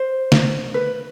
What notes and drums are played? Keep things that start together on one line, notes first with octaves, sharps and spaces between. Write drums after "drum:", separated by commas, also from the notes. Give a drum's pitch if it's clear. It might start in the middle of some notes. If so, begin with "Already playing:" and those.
Already playing: C5
drum: snare
B4